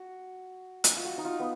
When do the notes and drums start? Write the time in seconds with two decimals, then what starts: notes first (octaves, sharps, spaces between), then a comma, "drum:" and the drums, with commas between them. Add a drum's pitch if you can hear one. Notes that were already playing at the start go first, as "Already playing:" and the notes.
Already playing: F#4
0.84 drum: hi-hat
0.96 F4
1.05 F#4
1.18 D#4
1.25 F4
1.39 B3